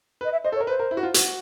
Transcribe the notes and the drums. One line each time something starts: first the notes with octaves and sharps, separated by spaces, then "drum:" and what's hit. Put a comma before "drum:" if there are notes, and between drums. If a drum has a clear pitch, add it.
B4
D#5
E5
C5 D#5
A4
C#5
A#4
B4 C5
A#4
E4
F#4
F4
F#4, drum: hi-hat